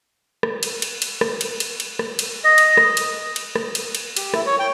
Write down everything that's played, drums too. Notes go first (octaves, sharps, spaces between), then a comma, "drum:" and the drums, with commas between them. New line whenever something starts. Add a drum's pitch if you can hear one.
drum: rim click
drum: cymbal
drum: cymbal
drum: cymbal
drum: rim click
drum: cymbal
drum: cymbal
drum: cymbal
drum: rim click
drum: cymbal
D#5
drum: cymbal
drum: rim click
drum: cymbal
drum: cymbal
drum: rim click
drum: cymbal
drum: cymbal
G4, drum: cymbal
E4, drum: rim click
C#5
G5